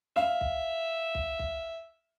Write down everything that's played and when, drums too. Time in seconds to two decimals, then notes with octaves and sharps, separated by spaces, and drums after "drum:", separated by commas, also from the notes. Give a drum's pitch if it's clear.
0.16 E5 F5, drum: snare
0.41 drum: kick
1.15 drum: kick
1.39 drum: kick